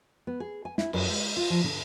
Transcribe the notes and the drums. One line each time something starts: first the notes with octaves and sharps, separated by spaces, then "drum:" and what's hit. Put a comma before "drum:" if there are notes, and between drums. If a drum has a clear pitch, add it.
B3
G#4
G#5
E4, drum: snare
F#2, drum: cymbal
G#3
F4
F3
D3, drum: tom